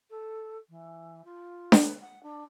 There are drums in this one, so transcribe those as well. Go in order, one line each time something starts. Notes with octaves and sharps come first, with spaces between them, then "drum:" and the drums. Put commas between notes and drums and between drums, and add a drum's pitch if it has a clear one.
A4
E3
F4
drum: snare D4
B4
F#5
D4